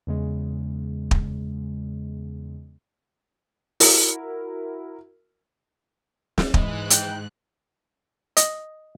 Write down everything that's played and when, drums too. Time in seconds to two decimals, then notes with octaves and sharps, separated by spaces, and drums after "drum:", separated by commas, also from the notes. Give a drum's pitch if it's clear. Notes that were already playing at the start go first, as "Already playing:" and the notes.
0.07 E2 C#3 G#3
1.11 drum: kick
3.80 E4 F#4 A#4, drum: open hi-hat
6.38 drum: snare
6.54 G#2 E3 G#3 F#6, drum: kick
6.90 G5, drum: hi-hat
8.37 D#5, drum: hi-hat